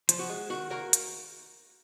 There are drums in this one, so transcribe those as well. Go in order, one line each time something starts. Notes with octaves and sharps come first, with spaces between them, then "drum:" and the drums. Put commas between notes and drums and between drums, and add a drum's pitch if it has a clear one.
F3, drum: hi-hat
F#4
G#3
D#3 F#4
A#3 F#4 A#4
drum: hi-hat